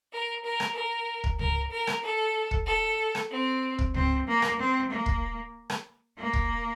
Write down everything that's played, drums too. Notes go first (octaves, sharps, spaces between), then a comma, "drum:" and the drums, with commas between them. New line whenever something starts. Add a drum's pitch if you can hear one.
A#4
A#4
drum: rim click
A#4
drum: kick
A#4, drum: tom C#2
A#4
drum: rim click
A4
drum: kick
A4
drum: rim click
C4
drum: kick
C4, drum: tom C#2
A#3
drum: rim click
C4
A#3
drum: kick
drum: rim click
A#3
drum: kick